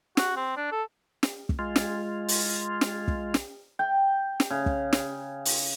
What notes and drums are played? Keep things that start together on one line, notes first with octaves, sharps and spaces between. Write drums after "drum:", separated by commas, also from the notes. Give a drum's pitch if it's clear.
F#4, drum: snare
C4
D4
A4
drum: snare
drum: kick
G#3 F4
drum: snare
drum: open hi-hat
drum: snare
drum: kick
drum: snare
G5
drum: snare
C#3
drum: kick
drum: snare
drum: open hi-hat